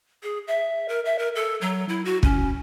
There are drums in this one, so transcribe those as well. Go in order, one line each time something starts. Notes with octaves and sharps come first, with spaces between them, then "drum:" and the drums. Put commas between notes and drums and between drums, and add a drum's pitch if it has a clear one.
G#4
E5
A#4
E5
A#4
A4
F#3
E4
F#4
C#4, drum: kick